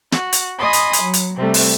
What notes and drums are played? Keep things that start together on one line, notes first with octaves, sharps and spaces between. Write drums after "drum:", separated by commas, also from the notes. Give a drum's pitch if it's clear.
F#4, drum: snare
drum: hi-hat
D#5 G#5 B5 C6 D#6
drum: hi-hat
drum: hi-hat
F#3
drum: hi-hat
C3 G3 A3 C4
drum: open hi-hat